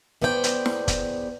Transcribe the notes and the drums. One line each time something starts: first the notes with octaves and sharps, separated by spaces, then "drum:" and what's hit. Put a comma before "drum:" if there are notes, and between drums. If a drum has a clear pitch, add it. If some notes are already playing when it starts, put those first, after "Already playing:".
E2 B3 C5 D5 F#5 G5
drum: hi-hat
drum: snare
drum: kick, hi-hat